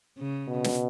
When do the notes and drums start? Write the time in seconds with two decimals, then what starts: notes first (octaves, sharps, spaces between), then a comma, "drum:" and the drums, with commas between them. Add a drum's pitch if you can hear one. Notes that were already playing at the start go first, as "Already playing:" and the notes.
0.19 C#3
0.48 B2
0.64 drum: snare